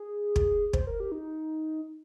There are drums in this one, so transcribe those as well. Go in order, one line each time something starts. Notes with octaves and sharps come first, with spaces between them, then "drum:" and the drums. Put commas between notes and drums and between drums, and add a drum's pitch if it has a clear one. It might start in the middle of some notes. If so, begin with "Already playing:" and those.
Already playing: G#4
drum: kick
C5, drum: kick
A#4
G4
D#4